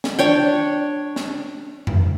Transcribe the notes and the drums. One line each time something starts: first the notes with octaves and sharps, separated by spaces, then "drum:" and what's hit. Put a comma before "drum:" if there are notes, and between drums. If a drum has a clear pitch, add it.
drum: snare
D4 C#5 G5, drum: hi-hat
drum: snare
drum: tom F2